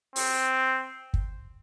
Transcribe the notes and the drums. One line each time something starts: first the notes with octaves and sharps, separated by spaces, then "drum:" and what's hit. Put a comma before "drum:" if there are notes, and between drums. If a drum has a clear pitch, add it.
C4, drum: open hi-hat
drum: kick